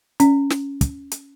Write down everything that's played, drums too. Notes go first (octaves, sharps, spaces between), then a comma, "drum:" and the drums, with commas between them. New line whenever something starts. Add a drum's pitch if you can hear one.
C#4, drum: hi-hat
drum: snare
drum: kick, hi-hat
drum: hi-hat